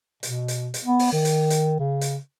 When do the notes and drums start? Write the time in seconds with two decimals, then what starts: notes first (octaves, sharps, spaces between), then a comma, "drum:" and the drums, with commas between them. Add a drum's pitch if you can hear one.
0.23 B2, drum: hi-hat
0.48 drum: hi-hat
0.74 drum: hi-hat
0.85 B3
0.99 drum: open hi-hat
1.13 D#3
1.25 drum: hi-hat
1.50 drum: hi-hat
1.79 C#3
2.01 drum: hi-hat